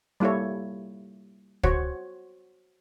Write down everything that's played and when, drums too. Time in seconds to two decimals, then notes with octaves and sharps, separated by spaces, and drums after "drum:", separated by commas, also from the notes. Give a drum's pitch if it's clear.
0.20 G3 A#3 E4 A4 C#5
1.64 F#4 C5 C#5 F#5, drum: kick